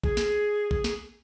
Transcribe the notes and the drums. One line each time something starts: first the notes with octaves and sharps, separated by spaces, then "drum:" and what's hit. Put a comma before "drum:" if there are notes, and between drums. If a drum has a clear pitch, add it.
G#4, drum: kick A1
drum: snare
drum: kick A1
drum: snare